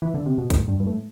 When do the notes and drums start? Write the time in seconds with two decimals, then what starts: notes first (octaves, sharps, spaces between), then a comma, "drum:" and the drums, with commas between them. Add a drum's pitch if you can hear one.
0.02 E3
0.14 D3
0.26 C3
0.38 B2
0.50 A2, drum: kick, hi-hat
0.68 G2
0.80 G2
0.87 A2